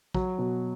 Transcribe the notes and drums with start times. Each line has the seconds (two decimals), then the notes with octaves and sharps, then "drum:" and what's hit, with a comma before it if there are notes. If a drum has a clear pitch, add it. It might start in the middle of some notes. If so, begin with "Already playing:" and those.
0.14 F#3, drum: kick
0.38 B2